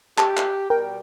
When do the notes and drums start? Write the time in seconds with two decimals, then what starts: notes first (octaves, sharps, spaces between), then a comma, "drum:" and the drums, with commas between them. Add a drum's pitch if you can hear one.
0.18 G4 A5, drum: clap
0.37 drum: clap
0.70 B2 G3 A#4 G5